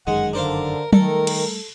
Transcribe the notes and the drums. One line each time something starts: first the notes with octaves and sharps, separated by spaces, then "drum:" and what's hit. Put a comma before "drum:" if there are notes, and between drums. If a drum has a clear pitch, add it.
G1 F#2 D#3 G#3 F#5
D3 D4 A#4 C5 F5
D#3 G3 A3 A4 A#4, drum: tom F#3
drum: cymbal